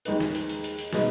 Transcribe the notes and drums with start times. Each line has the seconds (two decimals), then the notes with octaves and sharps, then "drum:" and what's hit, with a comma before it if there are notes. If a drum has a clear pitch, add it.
0.05 D#2 D#3 G#3 D#4 B4, drum: hi-hat
0.20 drum: snare
0.35 drum: hi-hat
0.49 drum: hi-hat
0.64 drum: hi-hat
0.79 drum: hi-hat
0.93 B2 G#3 D#4 B4 D#5, drum: snare